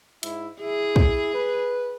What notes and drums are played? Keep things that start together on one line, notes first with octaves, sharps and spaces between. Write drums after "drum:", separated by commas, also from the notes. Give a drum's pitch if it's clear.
G#2 E4, drum: hi-hat
E4 G#4
drum: kick
B4